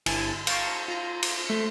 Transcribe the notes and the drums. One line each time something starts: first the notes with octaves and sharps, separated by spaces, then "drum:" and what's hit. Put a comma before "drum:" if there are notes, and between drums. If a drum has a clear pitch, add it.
G1 E4 G#5 A5, drum: cymbal
F5 G5 A5 A#5 C#6, drum: cymbal
F4 A#5
drum: cymbal
A3 E5 C6 C#7